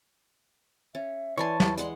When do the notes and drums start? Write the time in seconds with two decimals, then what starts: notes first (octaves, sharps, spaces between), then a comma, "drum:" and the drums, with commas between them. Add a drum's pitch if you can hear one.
0.95 C#4 E5
1.38 E3 C#5 D5 G#5 A5 C6
1.60 E4, drum: snare
1.77 G#3 D5 F#5 C6, drum: hi-hat